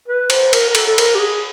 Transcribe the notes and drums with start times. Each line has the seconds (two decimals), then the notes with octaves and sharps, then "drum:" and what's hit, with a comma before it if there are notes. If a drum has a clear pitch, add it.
0.08 B4
0.30 C5, drum: cymbal
0.53 A#4, drum: cymbal
0.69 A#4
0.75 A4, drum: cymbal
0.87 A4
0.98 A#4, drum: cymbal
1.15 G4
1.19 G#4